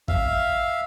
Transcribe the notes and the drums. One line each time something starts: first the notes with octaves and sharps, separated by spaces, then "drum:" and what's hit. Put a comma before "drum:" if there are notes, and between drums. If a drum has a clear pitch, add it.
E5 F5, drum: kick G#1